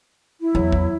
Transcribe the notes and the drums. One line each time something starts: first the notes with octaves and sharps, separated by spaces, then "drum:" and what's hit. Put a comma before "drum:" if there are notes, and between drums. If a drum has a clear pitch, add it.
E4
E2 F#3
drum: kick